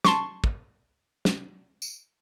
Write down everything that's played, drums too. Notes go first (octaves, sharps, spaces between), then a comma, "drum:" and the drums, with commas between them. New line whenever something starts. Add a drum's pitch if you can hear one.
A5 C6 C#6, drum: snare
drum: kick
drum: snare
drum: tambourine